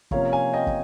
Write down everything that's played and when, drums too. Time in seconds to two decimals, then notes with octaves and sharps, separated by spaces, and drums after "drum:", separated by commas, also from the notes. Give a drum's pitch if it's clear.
0.11 C3 F3 A#3 C#4 C#5 F5, drum: kick
0.32 F5 G#5
0.53 D#5 G5
0.67 drum: kick